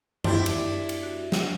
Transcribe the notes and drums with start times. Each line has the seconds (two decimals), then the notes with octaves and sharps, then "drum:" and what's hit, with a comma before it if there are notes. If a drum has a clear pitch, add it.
0.24 D4 E4 G4 C6, drum: tom F#2
0.46 drum: cymbal
0.89 drum: cymbal
1.03 F#4
1.32 drum: snare